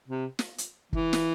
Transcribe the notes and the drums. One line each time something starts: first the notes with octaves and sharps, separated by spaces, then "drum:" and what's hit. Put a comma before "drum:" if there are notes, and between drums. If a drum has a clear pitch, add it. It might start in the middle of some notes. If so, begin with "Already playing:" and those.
C3
drum: snare
drum: hi-hat
E3, drum: kick
drum: snare